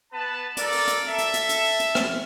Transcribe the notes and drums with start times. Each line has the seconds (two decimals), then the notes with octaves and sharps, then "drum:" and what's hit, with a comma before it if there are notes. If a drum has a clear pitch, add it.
0.12 B3 B4 A5
0.57 A4 A#4 D5, drum: hi-hat
0.72 drum: open hi-hat
0.88 drum: hi-hat
1.07 A4 E5
1.18 drum: hi-hat
1.34 drum: hi-hat
1.49 drum: hi-hat
1.64 drum: open hi-hat
1.80 drum: hi-hat
1.95 drum: rim click